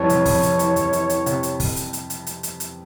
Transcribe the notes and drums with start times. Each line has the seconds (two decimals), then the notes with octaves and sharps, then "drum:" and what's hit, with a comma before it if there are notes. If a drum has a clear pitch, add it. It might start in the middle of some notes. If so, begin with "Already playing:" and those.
Already playing: F2 E3 G3 C#5
0.09 C3, drum: hi-hat
0.25 F2, drum: kick, open hi-hat
0.43 C3, drum: hi-hat
0.59 E3, drum: hi-hat
0.76 F2, drum: hi-hat
0.93 E3, drum: hi-hat
1.10 E3, drum: hi-hat
1.26 C3, drum: hi-hat
1.43 drum: hi-hat
1.60 drum: kick, open hi-hat
1.76 drum: hi-hat
1.93 drum: hi-hat
2.10 drum: hi-hat
2.27 drum: hi-hat
2.43 drum: hi-hat
2.60 drum: hi-hat